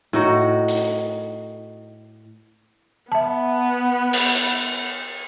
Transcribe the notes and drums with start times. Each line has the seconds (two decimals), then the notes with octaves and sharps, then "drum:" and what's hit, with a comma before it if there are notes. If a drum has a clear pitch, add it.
0.13 A2 D#4 F#4
0.68 drum: hi-hat
3.12 B3 E5 A5
4.13 drum: cymbal
4.36 drum: hi-hat